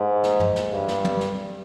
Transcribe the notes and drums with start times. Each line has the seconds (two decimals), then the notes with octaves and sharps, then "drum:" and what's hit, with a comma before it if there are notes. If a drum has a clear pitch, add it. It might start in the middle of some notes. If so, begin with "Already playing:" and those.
Already playing: G#2
0.24 drum: snare
0.40 drum: tom
0.56 drum: snare
0.72 G2
0.88 drum: snare
1.04 drum: tom
1.21 drum: snare